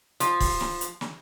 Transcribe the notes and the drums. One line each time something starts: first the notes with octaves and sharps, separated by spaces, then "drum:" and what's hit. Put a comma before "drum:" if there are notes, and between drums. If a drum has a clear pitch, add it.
F3, drum: hi-hat
drum: kick, open hi-hat
drum: snare
drum: hi-hat
drum: snare